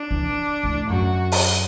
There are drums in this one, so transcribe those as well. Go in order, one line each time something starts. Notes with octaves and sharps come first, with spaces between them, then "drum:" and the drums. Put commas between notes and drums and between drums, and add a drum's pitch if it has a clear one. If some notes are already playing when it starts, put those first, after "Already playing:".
Already playing: D4
E3
A2
F#2 F#4
drum: open hi-hat